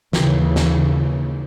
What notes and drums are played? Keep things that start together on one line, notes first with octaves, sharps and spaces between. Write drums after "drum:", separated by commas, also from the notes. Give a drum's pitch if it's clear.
D#2 C#3 E3, drum: snare
drum: snare